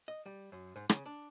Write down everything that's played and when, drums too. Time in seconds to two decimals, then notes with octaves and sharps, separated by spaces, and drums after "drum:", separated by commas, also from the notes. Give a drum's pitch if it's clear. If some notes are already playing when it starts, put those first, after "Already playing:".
0.08 D#5
0.26 G3
0.52 F#2
0.76 G#2
0.89 C#3, drum: rim click
1.06 D4